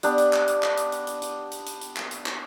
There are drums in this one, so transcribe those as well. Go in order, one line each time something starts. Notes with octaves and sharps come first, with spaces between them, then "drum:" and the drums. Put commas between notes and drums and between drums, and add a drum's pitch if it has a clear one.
B3 D4 G4, drum: hi-hat
drum: hi-hat
drum: clap
drum: hi-hat
drum: clap
drum: hi-hat
drum: hi-hat
drum: hi-hat
drum: hi-hat
drum: hi-hat
drum: hi-hat
drum: hi-hat
drum: clap
drum: hi-hat
drum: clap